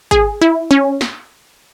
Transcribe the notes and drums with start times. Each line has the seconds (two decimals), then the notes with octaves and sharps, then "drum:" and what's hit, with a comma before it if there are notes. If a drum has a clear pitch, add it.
0.11 G#4, drum: kick G#1
0.41 E4
0.71 C#4
1.01 drum: snare